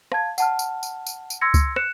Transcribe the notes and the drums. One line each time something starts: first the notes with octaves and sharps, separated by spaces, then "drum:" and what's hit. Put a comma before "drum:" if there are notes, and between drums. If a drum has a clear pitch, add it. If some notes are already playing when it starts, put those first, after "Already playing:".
F5 A5 G#6, drum: rim click
F#5 A5 F6, drum: tambourine
drum: tambourine
drum: tambourine
drum: tambourine
drum: tambourine
C6 E6 G#6 A#6 C#7
drum: kick C#2, tambourine
F#6 C#7 E7, drum: rim click